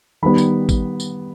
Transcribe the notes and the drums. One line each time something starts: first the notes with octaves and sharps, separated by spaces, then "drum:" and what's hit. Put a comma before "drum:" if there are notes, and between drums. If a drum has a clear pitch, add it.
D#3 G3 B3 B5
drum: tambourine
drum: kick, tambourine
drum: tambourine